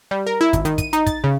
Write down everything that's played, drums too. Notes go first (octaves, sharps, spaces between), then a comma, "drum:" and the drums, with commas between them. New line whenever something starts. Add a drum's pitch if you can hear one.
G3
A#4
E4
G#1, drum: kick, hi-hat
D#3, drum: hi-hat
D#7, drum: kick, hi-hat
D#4, drum: hi-hat
A6, drum: kick, hi-hat
C#3